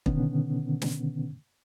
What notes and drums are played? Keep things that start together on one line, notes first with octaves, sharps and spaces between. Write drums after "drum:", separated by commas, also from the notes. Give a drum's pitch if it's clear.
B2 D3 D#3 B3 C#4, drum: kick
drum: snare